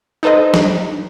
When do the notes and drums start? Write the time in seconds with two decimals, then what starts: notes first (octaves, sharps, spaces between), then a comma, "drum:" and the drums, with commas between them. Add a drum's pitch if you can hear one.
0.23 D#4 A4 B4 C5 D#5
0.54 drum: snare